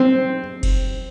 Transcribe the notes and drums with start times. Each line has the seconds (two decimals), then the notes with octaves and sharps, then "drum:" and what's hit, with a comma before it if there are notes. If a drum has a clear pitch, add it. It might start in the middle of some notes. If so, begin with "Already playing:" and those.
Already playing: C4
0.63 drum: kick F1, cymbal